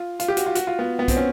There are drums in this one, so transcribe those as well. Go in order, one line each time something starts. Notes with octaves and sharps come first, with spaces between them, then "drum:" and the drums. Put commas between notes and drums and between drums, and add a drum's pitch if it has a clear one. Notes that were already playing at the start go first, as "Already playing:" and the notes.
Already playing: F4
F4, drum: hi-hat
G4
F#4, drum: hi-hat
F4
F#4, drum: hi-hat
F4
B3
B3
C4, drum: kick, hi-hat
C#4